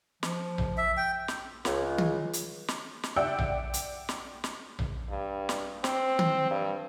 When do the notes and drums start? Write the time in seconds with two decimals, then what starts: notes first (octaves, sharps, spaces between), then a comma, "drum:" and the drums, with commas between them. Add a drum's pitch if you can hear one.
0.23 F3, drum: snare
0.58 drum: tom A#1
0.78 E5
0.97 G5
1.28 drum: snare
1.65 C#2, drum: snare
1.98 drum: tom D#3
2.33 drum: hi-hat
2.68 drum: snare
3.03 drum: snare
3.16 D5 E5 F#5 G5 E6 G6
3.38 drum: tom A#1
3.74 drum: hi-hat
4.09 drum: snare
4.44 drum: snare
4.79 drum: tom A#1
5.10 G2
5.49 drum: snare
5.84 C4, drum: snare
6.19 drum: tom D#3
6.50 G2